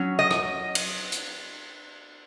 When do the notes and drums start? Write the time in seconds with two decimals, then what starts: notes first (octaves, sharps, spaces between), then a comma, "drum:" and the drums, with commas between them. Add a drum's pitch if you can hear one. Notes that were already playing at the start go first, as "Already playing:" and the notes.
Already playing: F#3 C#4
0.19 D#5
0.31 drum: rim click
0.75 drum: cymbal
1.12 drum: hi-hat